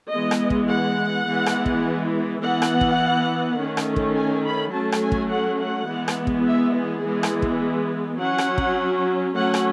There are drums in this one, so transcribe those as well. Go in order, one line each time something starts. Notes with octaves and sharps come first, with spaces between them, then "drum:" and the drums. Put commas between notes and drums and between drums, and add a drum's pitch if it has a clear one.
E3 G#3 B3 D#5
drum: rim click
drum: kick
F#5
E3 G#3 B3
drum: rim click
drum: kick
E3 B3 F#5
drum: rim click
drum: kick
D#3 A3 C#4
drum: rim click
drum: kick
G#5
B5
F#3 A3 C#4 A5
drum: rim click
G#5
drum: kick
F#5
F#5
E3 G#3 B3
drum: rim click
drum: kick
E5
G#4
E3 G#3 B3
drum: rim click
drum: kick
F#3 C#4 F#5
drum: rim click
drum: kick
F#3 A3 C#4 F#5
drum: rim click